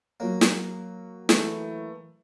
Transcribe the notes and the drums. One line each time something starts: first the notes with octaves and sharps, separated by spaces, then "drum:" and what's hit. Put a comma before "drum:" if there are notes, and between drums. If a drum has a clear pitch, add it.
F#3 A#3 C#5
drum: snare
E3 A3, drum: snare